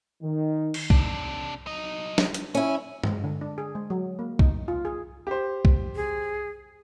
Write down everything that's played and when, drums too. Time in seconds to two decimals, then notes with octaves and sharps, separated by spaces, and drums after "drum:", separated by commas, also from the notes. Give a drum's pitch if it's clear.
0.22 D#3
0.74 drum: cymbal
0.90 C3 D4, drum: kick B1
1.66 F#3 D#5
2.18 drum: snare
2.34 drum: hi-hat
2.55 C#4 E4 G#5
3.04 G#3, drum: tom G2
3.24 D3
3.41 D4
3.58 G#4
3.75 G#3
3.90 F#3
4.19 A#3
4.39 D#4, drum: kick B1
4.68 F4
4.85 G#4
5.27 G4 C5
5.65 drum: kick B1
5.96 G#4